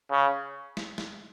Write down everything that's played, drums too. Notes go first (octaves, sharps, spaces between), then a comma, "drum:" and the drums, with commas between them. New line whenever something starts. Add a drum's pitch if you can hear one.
C#3
drum: snare
drum: snare